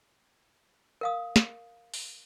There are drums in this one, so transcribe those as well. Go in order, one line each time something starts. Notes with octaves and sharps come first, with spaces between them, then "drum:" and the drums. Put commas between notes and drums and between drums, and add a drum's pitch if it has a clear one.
A#4 F5 D#6
drum: snare
drum: open hi-hat